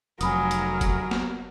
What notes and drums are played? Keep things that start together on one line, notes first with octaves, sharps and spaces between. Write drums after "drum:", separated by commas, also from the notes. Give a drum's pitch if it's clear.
F1 F#3 A#4 G#5 B5 D#6, drum: hi-hat
drum: hi-hat
drum: kick F#1, hi-hat
drum: snare